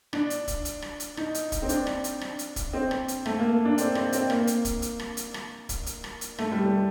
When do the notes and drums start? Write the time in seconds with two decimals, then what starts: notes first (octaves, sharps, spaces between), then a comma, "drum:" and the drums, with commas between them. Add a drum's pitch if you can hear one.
0.13 D4, drum: rim click
0.30 drum: hi-hat
0.48 drum: kick, hi-hat
0.65 drum: hi-hat
0.82 drum: rim click
1.00 drum: hi-hat
1.17 D#4, drum: rim click
1.34 drum: hi-hat
1.52 drum: kick, hi-hat
1.62 C4
1.69 D4, drum: hi-hat
1.87 drum: rim click
2.04 drum: hi-hat
2.21 drum: rim click
2.39 drum: hi-hat
2.56 drum: kick, hi-hat
2.73 C4
2.91 drum: rim click
3.08 drum: hi-hat
3.26 A3, drum: rim click
3.39 A#3
3.65 D4
3.78 C4, drum: hi-hat
3.95 C4, drum: rim click
4.13 C4, drum: hi-hat
4.30 A#3, drum: rim click
4.47 drum: hi-hat
4.65 drum: kick, hi-hat
4.82 drum: hi-hat
4.99 drum: rim click
5.17 drum: hi-hat
5.34 drum: rim click
5.69 drum: kick, hi-hat
5.86 drum: hi-hat
6.04 drum: rim click
6.21 drum: hi-hat
6.38 A3, drum: rim click
6.51 G3
6.65 G3